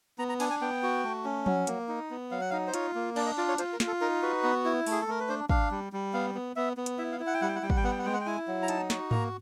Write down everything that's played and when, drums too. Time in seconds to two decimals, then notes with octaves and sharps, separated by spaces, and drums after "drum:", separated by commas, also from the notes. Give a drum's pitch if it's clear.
0.18 B3 A#5
0.29 A#5
0.40 D4 G#5, drum: cymbal
0.50 G#5
0.61 B3 G5
0.83 F#4
1.04 A3
1.24 C#4
1.46 F#3, drum: tom F3
1.67 A#3, drum: hi-hat
1.88 D#4
2.10 B3
2.31 F#3 F5
2.41 F#5
2.50 D#4 F5
2.67 C5
2.74 F4 C#5, drum: hi-hat
2.95 A#3
3.16 D4 D5, drum: cymbal
3.26 D#5
3.38 F4 D5
3.49 C#5
3.58 F4 C5, drum: hi-hat
3.73 A#4
3.80 F4, drum: snare
3.87 A4
4.01 D#4 A#4
4.22 F#4 B4
4.44 B3
4.65 E4
4.86 A3, drum: open hi-hat
4.92 G#4
5.01 A4
5.08 A3 A#4
5.20 B4
5.29 D4 C5
5.49 D4 F5, drum: kick
5.71 G3
5.93 G3
6.13 B3 F5
6.35 B3
6.56 B3 E5
6.77 B3
6.86 drum: hi-hat
6.98 E4 E5
7.12 F5
7.20 E4
7.27 F#5
7.34 G5
7.41 G3 F#5
7.48 G5
7.55 F#5
7.62 G3 G5
7.70 F#5, drum: kick
7.77 G5
7.84 B3 F#5
7.92 G5
7.99 F#5
8.05 G#3 G5
8.13 F#5
8.21 G5
8.26 E4 G#5
8.48 F#3
8.63 A#5
8.68 D#4 A5, drum: hi-hat
8.90 F#4, drum: snare
9.11 A#3 A#5, drum: tom G#2